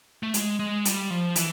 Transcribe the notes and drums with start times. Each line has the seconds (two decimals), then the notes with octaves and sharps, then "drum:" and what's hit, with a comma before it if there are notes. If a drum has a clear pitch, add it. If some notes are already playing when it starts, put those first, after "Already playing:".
0.23 A3
0.34 G#3, drum: hi-hat
0.59 G#3
0.85 G3, drum: hi-hat
1.10 F3
1.36 E3, drum: hi-hat